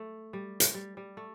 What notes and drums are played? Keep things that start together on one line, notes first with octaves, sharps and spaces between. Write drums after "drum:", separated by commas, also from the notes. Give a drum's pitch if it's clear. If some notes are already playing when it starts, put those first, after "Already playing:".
Already playing: A3
G3
drum: hi-hat
G3
G3
A3